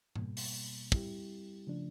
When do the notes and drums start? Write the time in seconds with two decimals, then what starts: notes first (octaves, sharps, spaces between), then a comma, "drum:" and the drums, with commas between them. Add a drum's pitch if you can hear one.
0.15 B2 G3 A#3, drum: tom G#2
0.37 drum: open hi-hat
0.92 G3 C4 E4 G4, drum: kick
1.67 C#3 F3 A3 D4